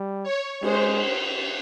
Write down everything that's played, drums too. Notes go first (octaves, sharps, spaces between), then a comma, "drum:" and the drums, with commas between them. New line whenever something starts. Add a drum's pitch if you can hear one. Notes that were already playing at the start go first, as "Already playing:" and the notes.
Already playing: G3
C#5
G#3 C5, drum: cymbal